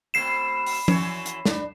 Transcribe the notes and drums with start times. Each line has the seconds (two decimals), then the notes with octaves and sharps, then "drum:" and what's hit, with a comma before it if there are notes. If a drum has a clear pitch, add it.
0.14 B2 A3 C4 C7 E7
0.67 drum: open hi-hat
0.88 F#2 E3 C#5, drum: tom F3
1.26 drum: hi-hat
1.45 B3 D4, drum: snare